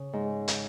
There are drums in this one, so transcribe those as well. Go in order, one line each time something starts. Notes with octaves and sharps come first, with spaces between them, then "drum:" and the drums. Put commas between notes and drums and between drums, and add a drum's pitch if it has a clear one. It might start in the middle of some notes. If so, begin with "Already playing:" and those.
Already playing: C#3
G#2
drum: hi-hat